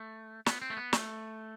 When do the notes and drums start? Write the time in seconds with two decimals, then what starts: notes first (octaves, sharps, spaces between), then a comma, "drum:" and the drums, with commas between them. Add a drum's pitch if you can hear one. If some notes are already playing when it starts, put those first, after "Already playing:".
Already playing: A3
0.46 B3, drum: snare
0.62 C4
0.70 A3
0.77 B3
0.93 A3, drum: snare